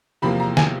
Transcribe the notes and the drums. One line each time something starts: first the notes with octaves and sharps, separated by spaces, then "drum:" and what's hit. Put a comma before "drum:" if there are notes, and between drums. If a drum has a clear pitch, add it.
E2 C3 F3 A#3 B5
A#5
G#5, drum: snare